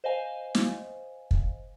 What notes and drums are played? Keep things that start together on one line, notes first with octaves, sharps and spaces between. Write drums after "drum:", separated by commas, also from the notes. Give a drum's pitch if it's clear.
C5 D#5 F5 G#5
drum: snare
drum: kick